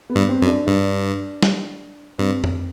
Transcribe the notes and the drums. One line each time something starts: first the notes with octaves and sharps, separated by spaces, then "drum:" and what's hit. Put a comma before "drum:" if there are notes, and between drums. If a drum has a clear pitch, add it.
B3
G2
C4
F#2
D4
G2 D4
drum: snare
G2 C4
drum: tom F2